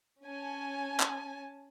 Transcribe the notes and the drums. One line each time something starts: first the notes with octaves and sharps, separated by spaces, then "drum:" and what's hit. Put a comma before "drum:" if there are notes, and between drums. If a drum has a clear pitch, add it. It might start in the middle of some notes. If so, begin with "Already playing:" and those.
C#4 G#5 A5
drum: clap